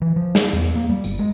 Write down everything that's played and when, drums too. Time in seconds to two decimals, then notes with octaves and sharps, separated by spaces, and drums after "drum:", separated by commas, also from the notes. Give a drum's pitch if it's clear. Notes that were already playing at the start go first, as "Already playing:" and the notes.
0.01 E3
0.16 F3
0.35 G3, drum: snare
0.53 E2
0.75 A#3
0.89 G3
1.04 G1, drum: tambourine
1.19 G#3